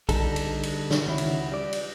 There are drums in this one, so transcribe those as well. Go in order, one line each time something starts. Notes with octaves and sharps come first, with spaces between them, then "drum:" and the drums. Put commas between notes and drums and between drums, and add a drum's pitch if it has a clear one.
D3 G3 D4 D#4 A4, drum: kick, cymbal
drum: cymbal
drum: cymbal
drum: snare
C#2 D#3 C#4 E4 F#4
drum: cymbal
G3 D5
drum: cymbal